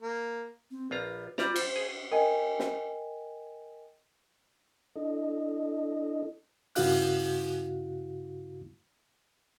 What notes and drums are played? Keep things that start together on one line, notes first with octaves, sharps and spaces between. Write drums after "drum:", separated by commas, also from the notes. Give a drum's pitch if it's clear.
A#3
C4
A#1 F4 B4 A#5
G3 F4 D5 A#5, drum: snare
C5, drum: cymbal
G#4
A#4 D#5 G5 G#5
drum: snare
D4 E4 A4 D#5
G2 C#3 E4 F#4 F5 F#6, drum: open hi-hat